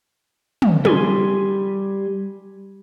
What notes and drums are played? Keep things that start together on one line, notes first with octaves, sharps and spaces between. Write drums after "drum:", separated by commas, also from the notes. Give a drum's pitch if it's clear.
drum: tom
G3 G#5 C6, drum: tom